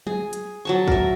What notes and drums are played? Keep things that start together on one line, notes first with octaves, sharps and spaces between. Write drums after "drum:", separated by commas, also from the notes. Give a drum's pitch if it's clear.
G#4, drum: tom F#3
drum: hi-hat
F#3 A5 C#6
A#4 E5, drum: kick